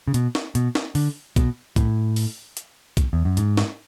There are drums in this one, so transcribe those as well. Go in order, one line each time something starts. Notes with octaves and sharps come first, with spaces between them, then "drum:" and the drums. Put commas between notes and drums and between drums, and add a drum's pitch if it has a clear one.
C#3
B2, drum: hi-hat
drum: snare
B2, drum: hi-hat
drum: snare
D3, drum: open hi-hat
B2, drum: kick, hi-hat
A2, drum: kick, hi-hat
drum: open hi-hat
drum: hi-hat
drum: kick, hi-hat
E2
F#2
G#2, drum: hi-hat
drum: snare